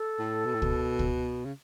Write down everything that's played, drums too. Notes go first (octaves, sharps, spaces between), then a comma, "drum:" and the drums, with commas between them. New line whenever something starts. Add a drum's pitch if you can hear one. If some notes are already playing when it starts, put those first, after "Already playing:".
Already playing: A4
A2
B2
A2
B2, drum: kick
drum: kick
C#3